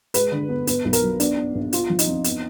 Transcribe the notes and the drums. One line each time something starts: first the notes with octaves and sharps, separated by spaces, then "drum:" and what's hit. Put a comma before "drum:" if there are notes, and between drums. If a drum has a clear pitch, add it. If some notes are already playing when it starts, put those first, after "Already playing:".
G#3 B4, drum: hi-hat
D3
B3
B3 B4, drum: hi-hat
B1
A#4, drum: hi-hat
F#3
B3 D4, drum: hi-hat
B3
A#1
B3 F4, drum: hi-hat
F3
D#4, drum: hi-hat
F2
B3, drum: hi-hat